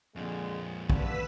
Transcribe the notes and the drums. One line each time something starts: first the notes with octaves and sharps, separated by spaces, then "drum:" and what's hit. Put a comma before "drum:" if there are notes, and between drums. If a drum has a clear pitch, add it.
F2 A#2 D3 G#3
G2 D3 B4 E6 B6, drum: kick